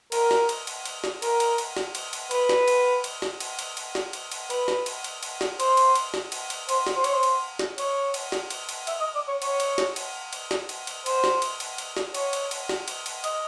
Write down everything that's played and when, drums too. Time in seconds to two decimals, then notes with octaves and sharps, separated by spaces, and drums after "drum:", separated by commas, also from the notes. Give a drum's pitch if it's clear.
0.12 A#4, drum: cymbal
0.31 drum: snare
0.49 drum: cymbal
0.67 drum: cymbal
0.85 drum: cymbal
1.04 drum: snare
1.22 A#4, drum: cymbal
1.40 drum: cymbal
1.58 drum: cymbal
1.77 drum: snare
1.95 drum: cymbal
2.13 drum: cymbal
2.31 B4, drum: cymbal
2.49 drum: snare
2.68 drum: cymbal
3.04 drum: cymbal
3.22 drum: snare
3.40 drum: cymbal
3.59 drum: cymbal
3.77 drum: cymbal
3.95 drum: snare
4.13 drum: cymbal
4.32 drum: cymbal
4.50 B4, drum: cymbal
4.68 drum: snare
4.86 drum: cymbal
5.04 drum: cymbal
5.23 drum: cymbal
5.41 drum: snare
5.60 C5, drum: cymbal
5.77 drum: cymbal
5.95 drum: cymbal
6.14 drum: snare
6.32 drum: cymbal
6.50 drum: cymbal
6.69 C5, drum: cymbal
6.87 drum: snare
6.96 C5
7.04 C#5, drum: cymbal
7.14 C5
7.23 drum: cymbal
7.59 drum: snare
7.78 C#5, drum: cymbal
8.14 drum: cymbal
8.32 drum: snare
8.50 drum: cymbal
8.69 drum: cymbal
8.87 E5, drum: cymbal
9.00 D#5
9.15 D5
9.28 C#5
9.42 C#5, drum: cymbal
9.60 drum: cymbal
9.78 drum: snare
9.96 drum: cymbal
10.33 drum: cymbal
10.51 drum: snare
10.69 drum: cymbal
10.87 drum: cymbal
11.06 C5, drum: cymbal
11.24 drum: snare
11.42 drum: cymbal
11.60 drum: cymbal
11.78 drum: cymbal
11.97 drum: snare
12.15 C#5, drum: cymbal
12.33 drum: cymbal
12.51 drum: cymbal
12.69 drum: snare
12.88 drum: cymbal
13.06 drum: cymbal
13.24 D#5, drum: cymbal